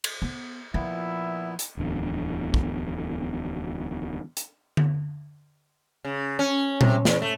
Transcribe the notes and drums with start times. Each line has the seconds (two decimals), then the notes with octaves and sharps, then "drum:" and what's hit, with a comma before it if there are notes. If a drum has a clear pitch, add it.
0.04 drum: cymbal
0.22 B3
0.74 A#2 F3 B3 E4 E5
1.59 drum: hi-hat
1.77 D1 E2 D3
2.54 drum: kick
4.37 drum: hi-hat
4.77 drum: tom D3
6.04 C#3
6.39 C#4
6.81 C3, drum: tom A#2
7.05 E2, drum: snare
7.22 A3